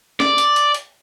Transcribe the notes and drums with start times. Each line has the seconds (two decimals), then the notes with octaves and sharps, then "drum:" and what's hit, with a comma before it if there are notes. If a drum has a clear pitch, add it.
0.20 D5, drum: snare
0.38 drum: hi-hat
0.56 drum: hi-hat
0.74 drum: hi-hat